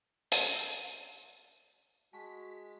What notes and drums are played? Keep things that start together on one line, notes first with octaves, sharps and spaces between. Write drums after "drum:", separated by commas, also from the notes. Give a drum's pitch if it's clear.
drum: hi-hat
G#3 F#4 G#5 A5 C#6 B6